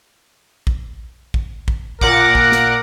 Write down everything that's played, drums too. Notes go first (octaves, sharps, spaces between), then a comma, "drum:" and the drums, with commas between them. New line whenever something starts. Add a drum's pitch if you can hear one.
drum: kick A1
drum: kick A1
drum: kick A1
A#2 A#4 F#5 D6, drum: kick A1
drum: kick A1
drum: snare